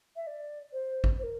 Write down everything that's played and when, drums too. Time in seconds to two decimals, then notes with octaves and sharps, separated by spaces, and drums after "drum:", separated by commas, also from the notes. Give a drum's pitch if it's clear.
0.16 E5
0.27 D5
0.73 C5
1.04 drum: kick
1.19 C5
1.23 A#4